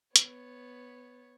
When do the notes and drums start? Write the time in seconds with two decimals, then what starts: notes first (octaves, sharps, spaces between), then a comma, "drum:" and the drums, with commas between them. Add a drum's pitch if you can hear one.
0.16 B3 C#5, drum: hi-hat